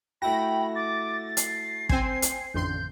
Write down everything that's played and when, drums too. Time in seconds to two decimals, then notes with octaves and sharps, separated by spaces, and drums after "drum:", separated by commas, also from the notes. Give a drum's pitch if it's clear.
0.22 A3 E4 F#4 G5 B5 A#6
0.75 D6 A6
1.37 C7, drum: hi-hat
1.89 C4 C5 G#5, drum: kick
2.22 drum: hi-hat
2.54 A1 F2 D3 C6 G6